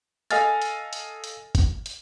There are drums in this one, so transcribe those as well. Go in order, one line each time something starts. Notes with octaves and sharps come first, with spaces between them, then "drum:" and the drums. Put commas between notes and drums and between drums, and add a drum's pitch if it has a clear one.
A4 D#5 F5 G#5 F6 A6, drum: hi-hat
drum: hi-hat
drum: hi-hat
drum: hi-hat
drum: kick, hi-hat
drum: hi-hat